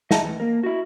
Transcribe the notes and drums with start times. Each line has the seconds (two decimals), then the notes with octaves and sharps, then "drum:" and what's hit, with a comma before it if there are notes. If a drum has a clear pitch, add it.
0.11 D#5 E5 F#5 A5 A#5, drum: snare
0.25 A2 E3
0.40 A#3 A#4
0.63 E4 F#4